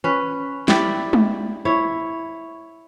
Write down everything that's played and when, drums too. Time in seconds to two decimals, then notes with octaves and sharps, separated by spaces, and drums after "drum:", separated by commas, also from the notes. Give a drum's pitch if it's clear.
0.04 C#4 B4
0.68 E4 G4 D5, drum: snare
1.13 drum: tom G#3
1.65 E4 C#5